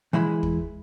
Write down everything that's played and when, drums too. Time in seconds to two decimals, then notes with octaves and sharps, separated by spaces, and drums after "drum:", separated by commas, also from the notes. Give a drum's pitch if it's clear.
0.13 E3 G#3 E4 B5
0.43 drum: kick